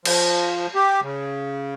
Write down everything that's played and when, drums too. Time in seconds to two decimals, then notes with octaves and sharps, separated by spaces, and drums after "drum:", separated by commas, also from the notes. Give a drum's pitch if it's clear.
0.05 F3, drum: cymbal
0.75 G4
1.02 C#3